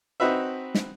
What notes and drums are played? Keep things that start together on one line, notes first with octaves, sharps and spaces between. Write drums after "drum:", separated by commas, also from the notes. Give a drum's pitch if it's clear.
C4 D#4 F#4 B4 E5
drum: snare